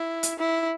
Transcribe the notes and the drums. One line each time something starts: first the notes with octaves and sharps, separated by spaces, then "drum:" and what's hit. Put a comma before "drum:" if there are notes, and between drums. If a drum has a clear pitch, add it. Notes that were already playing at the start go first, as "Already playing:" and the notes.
Already playing: E4
drum: hi-hat
E4